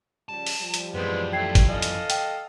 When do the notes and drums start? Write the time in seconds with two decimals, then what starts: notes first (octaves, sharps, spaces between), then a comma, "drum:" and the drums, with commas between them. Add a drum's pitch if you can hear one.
0.29 C#3 F3 G3 A5
0.47 drum: open hi-hat
0.59 F3 G3
0.74 drum: hi-hat
0.94 F#2 E3 G#3 B3 C4
1.33 A3 G5 G#6 C7
1.55 drum: kick, hi-hat
1.69 A4 D5 D#5 F5 G#5
1.82 drum: hi-hat
2.10 G5, drum: hi-hat